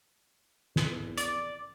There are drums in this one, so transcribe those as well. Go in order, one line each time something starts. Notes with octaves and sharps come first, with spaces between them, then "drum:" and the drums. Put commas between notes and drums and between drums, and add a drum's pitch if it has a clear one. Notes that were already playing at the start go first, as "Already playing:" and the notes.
E2, drum: snare
D5, drum: hi-hat